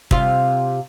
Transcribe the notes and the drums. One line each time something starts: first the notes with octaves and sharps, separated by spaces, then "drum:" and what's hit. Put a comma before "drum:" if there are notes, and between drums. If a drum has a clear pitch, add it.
C3 F4, drum: kick